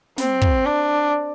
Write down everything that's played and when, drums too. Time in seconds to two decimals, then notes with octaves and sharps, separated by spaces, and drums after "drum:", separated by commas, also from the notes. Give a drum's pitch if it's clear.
0.18 C4, drum: snare
0.42 drum: kick
0.65 D4